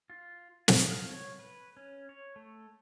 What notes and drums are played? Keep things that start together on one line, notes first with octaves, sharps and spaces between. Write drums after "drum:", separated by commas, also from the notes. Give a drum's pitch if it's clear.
F4
G#4, drum: snare
F5
C#5
B4
C#4
C#5
A3